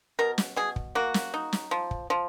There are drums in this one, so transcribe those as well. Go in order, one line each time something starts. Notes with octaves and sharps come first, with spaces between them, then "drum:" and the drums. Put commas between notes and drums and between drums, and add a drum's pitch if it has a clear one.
B2 A#4
drum: snare
B2 G#4
drum: kick
A#3 F#4
drum: snare
D#4
drum: snare
F3
drum: kick
F3